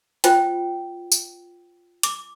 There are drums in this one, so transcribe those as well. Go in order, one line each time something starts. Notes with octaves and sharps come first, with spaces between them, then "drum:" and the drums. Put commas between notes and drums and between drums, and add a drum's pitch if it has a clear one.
F4 C5 G5, drum: hi-hat
drum: tambourine
D6, drum: hi-hat